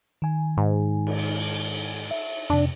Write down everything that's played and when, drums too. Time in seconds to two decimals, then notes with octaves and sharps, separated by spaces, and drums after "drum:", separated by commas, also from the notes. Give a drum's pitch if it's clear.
0.22 D#3 G#5
0.57 G#2
1.07 drum: cymbal
2.11 E5
2.50 F2 C3 D4